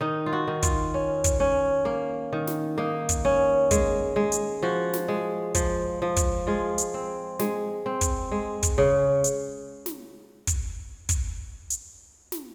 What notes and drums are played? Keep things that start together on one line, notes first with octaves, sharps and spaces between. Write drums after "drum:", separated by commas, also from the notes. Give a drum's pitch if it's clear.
D#3 D#4
F4
F#4
D#3
F4, drum: kick, hi-hat
C#4
drum: kick, hi-hat
C#4
A#3
D#3
drum: snare
A#3 D#4
drum: kick, hi-hat
C#4
G#3, drum: kick, hi-hat
G#3
drum: hi-hat
F3 F#4
drum: snare
G#3
F3, drum: kick, hi-hat
F3
drum: kick, hi-hat
G#3 F4
drum: hi-hat
C4
G#3, drum: snare
C4
drum: kick, hi-hat
G#3
drum: kick, hi-hat
C#3
drum: hi-hat
drum: snare
drum: kick, hi-hat
drum: kick, hi-hat
drum: hi-hat
drum: snare